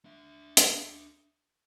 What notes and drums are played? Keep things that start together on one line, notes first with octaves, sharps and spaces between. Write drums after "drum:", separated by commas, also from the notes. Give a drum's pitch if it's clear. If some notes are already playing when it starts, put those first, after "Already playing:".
D4 E5
drum: hi-hat